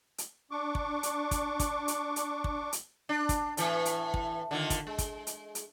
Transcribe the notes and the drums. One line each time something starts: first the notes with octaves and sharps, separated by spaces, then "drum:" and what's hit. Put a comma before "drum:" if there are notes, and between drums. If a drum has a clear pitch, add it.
drum: hi-hat
D4 C#6 D6
drum: kick
drum: hi-hat
drum: kick, hi-hat
drum: kick, hi-hat
drum: hi-hat
drum: hi-hat
drum: kick
drum: hi-hat
D4
drum: kick, hi-hat
A2 E3, drum: hi-hat
drum: hi-hat
drum: kick
D3 D#3 F4
drum: kick, hi-hat
G#3
drum: kick, hi-hat
drum: hi-hat
drum: hi-hat